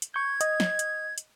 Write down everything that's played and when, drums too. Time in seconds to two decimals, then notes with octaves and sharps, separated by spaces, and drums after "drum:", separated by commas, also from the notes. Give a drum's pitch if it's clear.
0.02 drum: hi-hat
0.14 C#6 G6 G#6
0.41 D#5, drum: hi-hat
0.60 drum: snare
0.79 drum: hi-hat
1.18 drum: hi-hat